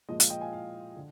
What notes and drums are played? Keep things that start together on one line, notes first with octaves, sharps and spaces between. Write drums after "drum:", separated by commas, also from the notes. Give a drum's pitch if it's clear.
A#2 F3 G#3 D#5
F5, drum: hi-hat
D#5 G5
F5 G#5
F5
D3